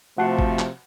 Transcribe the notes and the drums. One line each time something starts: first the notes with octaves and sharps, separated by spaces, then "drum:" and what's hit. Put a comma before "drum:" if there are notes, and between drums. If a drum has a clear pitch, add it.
C3 F3 A3 F#4 F#5 A5 C7
drum: kick
drum: clap